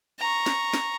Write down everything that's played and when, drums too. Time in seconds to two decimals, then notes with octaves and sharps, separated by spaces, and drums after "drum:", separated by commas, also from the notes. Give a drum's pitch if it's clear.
0.19 A#5 C#6
0.46 drum: snare
0.74 drum: snare